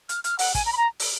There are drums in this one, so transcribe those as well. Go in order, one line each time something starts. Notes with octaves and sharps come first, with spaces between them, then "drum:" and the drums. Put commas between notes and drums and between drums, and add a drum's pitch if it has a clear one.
F6, drum: hi-hat
F6, drum: hi-hat
F#5, drum: open hi-hat
G#5, drum: kick, hi-hat
A#5
B5
A#5
drum: open hi-hat